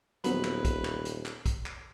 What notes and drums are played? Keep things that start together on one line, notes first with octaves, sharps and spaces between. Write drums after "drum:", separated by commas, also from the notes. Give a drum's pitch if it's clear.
D#1 F#3 B3 C4 B4, drum: hi-hat
drum: clap
drum: kick, hi-hat
drum: clap
drum: hi-hat
drum: clap
drum: kick, hi-hat
drum: clap